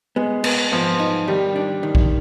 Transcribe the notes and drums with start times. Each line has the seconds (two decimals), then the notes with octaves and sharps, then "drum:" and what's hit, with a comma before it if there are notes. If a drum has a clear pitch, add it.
0.16 G#3 B3
0.44 B3, drum: cymbal
0.72 F3 B3
0.99 D#4
1.28 D#3 G3
1.56 D4
1.83 D#3
1.95 drum: kick A#1